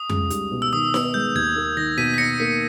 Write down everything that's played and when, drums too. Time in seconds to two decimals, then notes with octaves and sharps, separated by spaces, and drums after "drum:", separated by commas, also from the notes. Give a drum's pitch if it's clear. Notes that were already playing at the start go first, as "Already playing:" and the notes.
Already playing: D#6
0.09 C#2, drum: tom F2
0.30 G3, drum: hi-hat
0.52 B2
0.62 E6
0.73 D#3 D#6
0.94 B3 E6, drum: snare D#4
1.14 G#3 G6
1.35 D#2 G#6
1.56 A#3
1.77 D#3 A#6
1.97 B2 B6 D#7
2.14 B6
2.18 D#4 A#6 C#7
2.40 A#3 B6